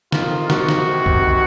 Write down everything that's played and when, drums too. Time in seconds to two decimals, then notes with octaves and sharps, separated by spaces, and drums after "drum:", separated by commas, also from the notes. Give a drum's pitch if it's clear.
0.12 C3 D#3 F4, drum: snare
0.50 F#4, drum: snare
0.69 drum: snare
0.87 C3 D#3
1.06 drum: kick C2